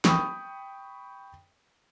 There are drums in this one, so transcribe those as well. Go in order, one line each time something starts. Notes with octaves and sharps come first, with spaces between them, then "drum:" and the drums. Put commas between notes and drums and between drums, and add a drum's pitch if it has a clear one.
G5 B5 C#6 D#6, drum: snare